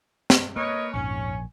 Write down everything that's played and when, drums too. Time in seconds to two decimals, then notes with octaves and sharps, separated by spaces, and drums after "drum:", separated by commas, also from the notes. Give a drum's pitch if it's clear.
0.30 drum: snare
0.56 A#3 A#4 B4 C#5 D#5
0.94 A#1 F2 G#2 C#4 G#5